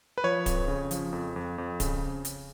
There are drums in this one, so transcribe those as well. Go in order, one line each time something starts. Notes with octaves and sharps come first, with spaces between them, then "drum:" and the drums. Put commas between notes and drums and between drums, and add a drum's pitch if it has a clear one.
B4
F3 C#5
F2, drum: kick D1, hi-hat
C#3
F3, drum: hi-hat
F2
F2
F2
C#3, drum: kick D1, hi-hat
drum: hi-hat